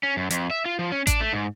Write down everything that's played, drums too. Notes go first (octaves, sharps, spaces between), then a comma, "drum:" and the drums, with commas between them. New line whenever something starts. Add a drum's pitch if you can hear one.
C#4
F#2
F2, drum: hi-hat
E5
F4
F3
C#4
D4, drum: kick A1, hi-hat
A3
G#2